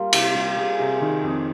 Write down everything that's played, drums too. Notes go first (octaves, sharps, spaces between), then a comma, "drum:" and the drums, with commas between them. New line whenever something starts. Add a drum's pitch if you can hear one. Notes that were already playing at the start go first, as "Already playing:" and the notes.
Already playing: G3 A#3 F4
C3 G4, drum: cymbal
G3 F4
G3 G#4
C3 G#4
D#3 G4
F2